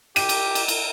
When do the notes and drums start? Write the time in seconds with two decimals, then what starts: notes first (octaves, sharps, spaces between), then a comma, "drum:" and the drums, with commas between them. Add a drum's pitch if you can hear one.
0.16 G4 D#7, drum: cymbal
0.29 drum: cymbal
0.55 drum: cymbal
0.68 drum: cymbal